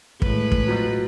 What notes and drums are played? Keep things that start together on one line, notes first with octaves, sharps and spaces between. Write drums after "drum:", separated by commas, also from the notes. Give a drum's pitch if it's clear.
A2 G#3 B4, drum: kick
drum: kick
B2 F3 F#3